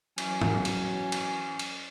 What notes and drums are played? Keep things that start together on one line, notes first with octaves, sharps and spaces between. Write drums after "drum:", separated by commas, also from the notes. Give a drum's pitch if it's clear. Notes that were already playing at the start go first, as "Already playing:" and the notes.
E3 F#3 C#4, drum: cymbal
drum: tom
drum: cymbal
drum: cymbal
drum: cymbal